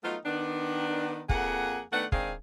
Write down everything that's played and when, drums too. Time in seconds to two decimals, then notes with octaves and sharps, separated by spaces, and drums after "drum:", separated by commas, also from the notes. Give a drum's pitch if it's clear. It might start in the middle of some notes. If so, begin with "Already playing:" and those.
0.03 F#3 A3 B3 D#4 F4
0.26 D#3 B3 D4
1.29 F2 A#3 G#4 F#5, drum: kick
1.93 D#3 A3 B3 D4 F#5
2.12 G#2 D#3 C4 D4 G#4 F5, drum: kick